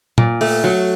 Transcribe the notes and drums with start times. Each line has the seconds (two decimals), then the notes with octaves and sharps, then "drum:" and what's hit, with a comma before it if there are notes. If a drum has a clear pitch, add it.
0.18 A#2, drum: tom
0.41 A3, drum: open hi-hat
0.64 F#3